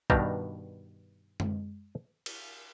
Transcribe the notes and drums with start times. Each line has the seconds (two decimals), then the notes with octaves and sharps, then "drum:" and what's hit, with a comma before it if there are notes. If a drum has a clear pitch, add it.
0.10 G2 B2 D#3 D4 G4 A#5, drum: kick
1.40 drum: tom
2.26 drum: cymbal